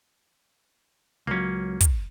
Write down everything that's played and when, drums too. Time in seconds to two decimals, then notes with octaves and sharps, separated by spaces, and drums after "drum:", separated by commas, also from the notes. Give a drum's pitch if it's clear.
1.27 C#2 F#3 A#3 C#4
1.81 drum: kick, hi-hat